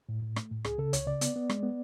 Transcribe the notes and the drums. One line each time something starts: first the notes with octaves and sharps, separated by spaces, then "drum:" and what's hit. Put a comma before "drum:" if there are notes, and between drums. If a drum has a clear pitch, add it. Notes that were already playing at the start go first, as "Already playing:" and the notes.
A2
A2
A3, drum: rim click
A2
C#2 G#4, drum: rim click
C#3 A4
C#2 C#5, drum: hi-hat
C#3 D5
B3, drum: hi-hat
B3
G#3, drum: rim click
B3